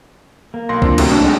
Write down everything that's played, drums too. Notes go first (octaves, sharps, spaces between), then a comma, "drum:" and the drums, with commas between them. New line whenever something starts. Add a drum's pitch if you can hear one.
A#3
B1 C6 A#6
C4 D4 F4, drum: kick B1
A2 C3 F#3, drum: cymbal
D4
D2 G#3 D#4 F#4 G5